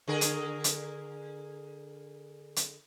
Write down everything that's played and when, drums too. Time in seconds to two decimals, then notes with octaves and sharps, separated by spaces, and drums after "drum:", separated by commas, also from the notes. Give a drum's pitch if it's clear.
0.08 D3 G#4 A#4
0.21 drum: hi-hat
0.64 drum: hi-hat
2.56 drum: hi-hat